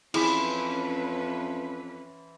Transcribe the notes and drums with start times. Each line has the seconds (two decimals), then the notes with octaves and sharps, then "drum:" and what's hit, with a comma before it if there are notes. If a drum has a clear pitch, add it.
0.14 F2 E3 C#4 E4 G#4 B4 B5 C6, drum: cymbal